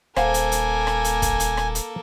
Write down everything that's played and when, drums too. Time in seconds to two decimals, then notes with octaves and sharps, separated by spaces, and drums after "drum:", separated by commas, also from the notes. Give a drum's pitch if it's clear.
0.16 D#1 A#3 A4 C5 F5 F#5 G#5, drum: rim click
0.34 drum: hi-hat
0.52 drum: hi-hat
0.87 drum: rim click
1.04 drum: hi-hat
1.22 drum: kick, hi-hat
1.40 drum: hi-hat
1.57 drum: rim click
1.75 drum: hi-hat